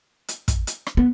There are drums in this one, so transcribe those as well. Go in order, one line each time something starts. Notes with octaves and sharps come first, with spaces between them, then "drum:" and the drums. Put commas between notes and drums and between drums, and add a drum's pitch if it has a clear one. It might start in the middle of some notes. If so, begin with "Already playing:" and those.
drum: hi-hat
drum: kick, hi-hat
drum: hi-hat
drum: rim click
B3